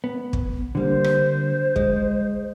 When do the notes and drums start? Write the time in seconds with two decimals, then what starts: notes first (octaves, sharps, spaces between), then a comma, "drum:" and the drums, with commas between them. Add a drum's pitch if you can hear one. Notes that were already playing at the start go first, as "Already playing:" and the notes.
0.04 B3
0.33 drum: kick
0.75 D3 G3 A#3 C5
1.04 drum: rim click
1.76 G#3, drum: kick